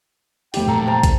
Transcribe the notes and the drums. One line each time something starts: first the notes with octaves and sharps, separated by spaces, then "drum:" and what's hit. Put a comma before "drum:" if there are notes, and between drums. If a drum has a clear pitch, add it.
F1 G4 G5, drum: open hi-hat
A#2 F#3 A4 A#5
C5 A5 A#5
drum: kick, hi-hat